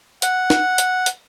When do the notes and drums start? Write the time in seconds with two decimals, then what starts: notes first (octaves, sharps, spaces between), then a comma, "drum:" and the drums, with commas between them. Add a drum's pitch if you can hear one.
0.22 F#5, drum: hi-hat
0.50 drum: snare
0.78 drum: hi-hat
1.06 drum: hi-hat